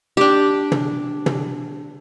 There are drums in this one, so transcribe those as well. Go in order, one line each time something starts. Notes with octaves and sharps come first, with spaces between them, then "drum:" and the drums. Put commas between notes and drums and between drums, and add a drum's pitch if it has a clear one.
D4 G4
drum: tom
drum: tom